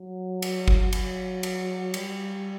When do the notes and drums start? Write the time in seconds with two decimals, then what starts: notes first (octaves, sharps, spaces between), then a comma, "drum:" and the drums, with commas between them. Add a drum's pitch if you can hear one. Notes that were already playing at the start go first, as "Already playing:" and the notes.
Already playing: F#3
0.42 drum: cymbal
0.68 drum: kick G1
0.93 F#3, drum: cymbal
1.43 drum: cymbal
1.94 G3, drum: cymbal